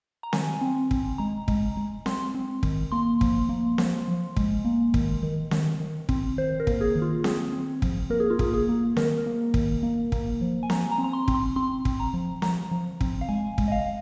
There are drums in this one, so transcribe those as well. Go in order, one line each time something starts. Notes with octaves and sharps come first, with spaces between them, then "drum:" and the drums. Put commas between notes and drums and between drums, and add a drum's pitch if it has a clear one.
A#5
D#3 G#5, drum: snare C4
C4
C4, drum: kick
G#3 A#5
G#3, drum: kick
G#3
C4 C6, drum: snare C4
C4
D#3, drum: kick
A#3 C6
F3, drum: kick
A#3
F3, drum: snare C4
F3
G#3, drum: kick
A#3
D#3, drum: kick
D#3
D#3, drum: snare C4
D#3
C4, drum: kick
D#3 C5
A#4
A#3, drum: kick
G#4
D#3
F4
C4 G#4, drum: snare C4
C4
F3, drum: kick
A#3 A#4
G#4
F4
A#3 G#4, drum: kick
G#4
A#3
D#3 A#4, drum: snare C4
A#3
D#3, drum: kick
A#3
A#3, drum: kick
F3
G#5
F3 A#5, drum: snare C4
A#5
C4
A#5
C6
C4, drum: kick
C6
C4 C6
C4, drum: kick
A#5
F3
F3 A#5, drum: snare C4
F3
C4, drum: kick
F5
G#3 G#5
G#3, drum: kick
D#5
F5